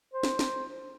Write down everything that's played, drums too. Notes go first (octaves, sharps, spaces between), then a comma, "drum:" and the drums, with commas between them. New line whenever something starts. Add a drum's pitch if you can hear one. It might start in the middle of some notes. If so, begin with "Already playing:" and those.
C5
drum: snare
drum: snare